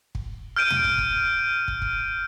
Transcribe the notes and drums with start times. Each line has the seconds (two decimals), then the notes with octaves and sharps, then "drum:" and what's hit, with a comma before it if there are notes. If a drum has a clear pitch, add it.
0.15 drum: kick
0.56 F6 G6 D7 D#7
0.70 drum: tom
0.84 drum: kick
0.98 drum: kick
1.68 drum: kick
1.82 drum: kick